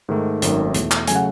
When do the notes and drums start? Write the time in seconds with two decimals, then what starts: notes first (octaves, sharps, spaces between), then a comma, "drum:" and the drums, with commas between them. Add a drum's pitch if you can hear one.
0.09 G#2 D#3 A3
0.42 G#1 F#2 D#3 A3, drum: hi-hat
0.74 E2 B2 A3, drum: hi-hat
0.91 drum: clap
1.07 C#3 F#3 A3 G#5, drum: hi-hat
1.16 F#5